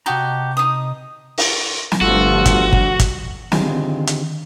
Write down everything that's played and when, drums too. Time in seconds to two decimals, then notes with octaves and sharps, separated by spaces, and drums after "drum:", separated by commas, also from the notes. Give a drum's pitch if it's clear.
0.06 C3 F#4 G4 D#5 A5 A#5
0.57 D#4 D#6
1.38 drum: open hi-hat
1.92 drum: snare
2.01 G1 G2 F3 G3 A3 F4 F#4 A4
2.46 drum: kick, hi-hat
2.73 drum: kick
2.99 drum: kick, hi-hat
3.52 D3 D#3 C4 F4 G4 G#4, drum: snare
4.07 drum: hi-hat